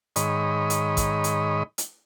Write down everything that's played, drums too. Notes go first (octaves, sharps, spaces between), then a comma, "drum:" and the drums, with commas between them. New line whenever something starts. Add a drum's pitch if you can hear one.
G#2 D#3 C#5 D#5 B5, drum: hi-hat
drum: hi-hat
drum: kick A1, hi-hat
drum: hi-hat
drum: hi-hat